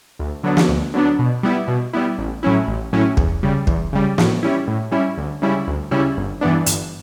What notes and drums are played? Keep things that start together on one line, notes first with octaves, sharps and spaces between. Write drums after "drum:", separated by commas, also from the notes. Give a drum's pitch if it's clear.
D2
D3 F#3 B3 D4
drum: snare
D2
D3 F#3 B3 D4
B2
G3 B3 E4
B2
G3 B3 E4
A1
A2 F#3 C#4 E4
A1
A2 F#3 C#4 E4
E2, drum: kick
C#3 G3
E2, drum: kick
C#3 G3
A2, drum: snare
G3 C#4 E4
A2
G3 C#4 E4
D2
C#3 G3 C#4 E4
D2
C#3 G3 C#4 E4
G1
G2 E3 B3 D4
G1, drum: hi-hat